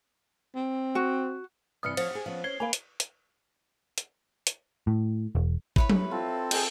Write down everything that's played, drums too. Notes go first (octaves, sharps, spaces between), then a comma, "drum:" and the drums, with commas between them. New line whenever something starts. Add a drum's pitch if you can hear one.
C4
F#4
G2 C3 E3 D#6 F6 C#7
F3 C5 C#5, drum: cymbal
G4 G#4
F3 B3 C#4
C#4 G#6 C7 G7
A#3 B4 F5 G#5
drum: hi-hat
drum: hi-hat
drum: hi-hat
drum: hi-hat
A2
E1
E4 B4 C#5 B5, drum: kick G#1
drum: tom F#3
C4 F4 A4
G#4 D#5 G5, drum: cymbal